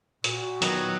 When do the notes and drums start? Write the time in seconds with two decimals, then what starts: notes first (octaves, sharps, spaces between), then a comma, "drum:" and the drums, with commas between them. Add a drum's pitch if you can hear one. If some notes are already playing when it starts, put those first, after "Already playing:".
0.24 A#2 F#4, drum: hi-hat
0.62 D#3 F#3 B3, drum: hi-hat